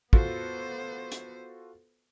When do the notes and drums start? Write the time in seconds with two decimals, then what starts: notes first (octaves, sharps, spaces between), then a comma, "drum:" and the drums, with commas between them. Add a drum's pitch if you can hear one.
0.13 B3 F4 F#4 A4 C5, drum: kick
1.12 drum: hi-hat